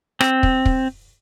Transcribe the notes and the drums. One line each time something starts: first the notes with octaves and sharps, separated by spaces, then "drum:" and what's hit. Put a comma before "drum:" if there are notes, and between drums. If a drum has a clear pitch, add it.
C4, drum: rim click
drum: kick
drum: kick